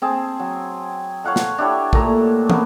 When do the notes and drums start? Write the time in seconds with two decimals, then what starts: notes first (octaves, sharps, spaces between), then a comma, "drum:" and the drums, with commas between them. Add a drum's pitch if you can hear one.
0.02 C4 G#4 A5
0.39 F#3
1.24 C#5 F5 F#5 A5
1.36 drum: snare
1.58 D4 E4 G4 C#5
1.93 A#2 A3 A#5, drum: kick
2.50 C#3 A#3 B3, drum: tom